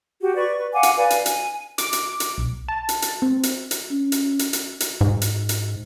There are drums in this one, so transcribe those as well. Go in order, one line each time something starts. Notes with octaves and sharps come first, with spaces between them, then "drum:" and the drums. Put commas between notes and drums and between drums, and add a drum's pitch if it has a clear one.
F#4 G4
B4 D5 C#6
B4
F5 F#5 G#5 D6
drum: hi-hat
B4 D5 F5 G#5
drum: hi-hat
G#5, drum: hi-hat
D6, drum: hi-hat
drum: hi-hat
drum: hi-hat
B1
A5
drum: hi-hat
drum: hi-hat
C4
drum: hi-hat
drum: hi-hat
C#4
drum: hi-hat
drum: hi-hat
drum: hi-hat
drum: hi-hat
G#2
drum: hi-hat
drum: hi-hat